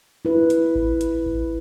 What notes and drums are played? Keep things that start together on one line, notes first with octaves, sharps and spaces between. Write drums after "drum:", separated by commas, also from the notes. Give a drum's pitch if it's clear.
E4 B4
drum: hi-hat
drum: kick A1
drum: hi-hat
drum: kick A1